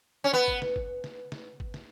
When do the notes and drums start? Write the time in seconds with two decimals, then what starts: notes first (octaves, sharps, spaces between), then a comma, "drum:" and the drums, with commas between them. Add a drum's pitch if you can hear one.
0.24 C#4
0.33 B3
0.48 drum: kick
0.62 drum: snare
0.76 drum: kick
1.04 drum: snare
1.32 drum: snare
1.60 drum: kick
1.74 drum: snare